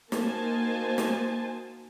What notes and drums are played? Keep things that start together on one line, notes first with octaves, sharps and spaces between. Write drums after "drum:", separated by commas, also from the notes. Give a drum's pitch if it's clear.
A#3 D#4 F#4 C5 G#5 A5, drum: snare
drum: snare